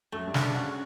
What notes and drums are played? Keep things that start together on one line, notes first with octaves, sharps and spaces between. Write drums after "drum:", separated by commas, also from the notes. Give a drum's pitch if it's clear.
F#2 F#3 A3
G2 G3
D4, drum: snare
C#3 C#4
C#3 C#4 F#4